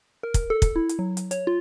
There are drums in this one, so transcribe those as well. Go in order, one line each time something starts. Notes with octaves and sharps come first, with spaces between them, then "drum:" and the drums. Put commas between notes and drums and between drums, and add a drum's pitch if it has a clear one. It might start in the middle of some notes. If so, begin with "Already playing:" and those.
A#4
drum: kick, hi-hat
A4
drum: kick, hi-hat
E4
drum: hi-hat
F#3
drum: hi-hat
C#5, drum: hi-hat
F4